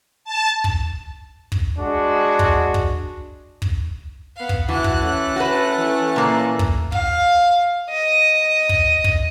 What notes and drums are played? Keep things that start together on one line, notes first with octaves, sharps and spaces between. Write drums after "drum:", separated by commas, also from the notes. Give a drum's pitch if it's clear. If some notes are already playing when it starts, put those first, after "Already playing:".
A5
drum: kick
drum: kick
G#3 D4 F#4
drum: kick
drum: kick
drum: kick
B3 F5
drum: kick
E3 F#4 A5 F#6
drum: kick
A3 C#4
F#4 B4
E3
A#2 A#3
drum: kick
F5, drum: kick
D#5
drum: kick
drum: kick